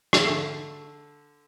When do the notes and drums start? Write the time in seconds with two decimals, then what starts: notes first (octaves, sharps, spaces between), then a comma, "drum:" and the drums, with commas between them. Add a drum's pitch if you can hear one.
0.13 drum: rim click
0.25 D3 A3 E5